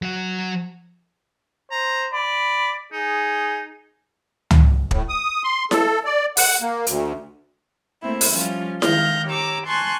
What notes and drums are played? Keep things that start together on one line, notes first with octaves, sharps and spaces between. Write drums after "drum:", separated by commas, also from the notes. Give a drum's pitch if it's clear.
F#3 F#5
C5 A#5
D5 B5
D#4 G#4
drum: tom C#2
A2, drum: kick
D#6
C6
A4, drum: snare E4
D5
F#5, drum: open hi-hat
A#3
D2, drum: hi-hat
A3 A#3 C4 E4
drum: open hi-hat
F3 G3 C#4 F4
D#3 G#3 F5 F6 G6 A#6, drum: snare E4
G4 C#5 A#5 D6 E6
G#5 A5 C6 C#6 F#6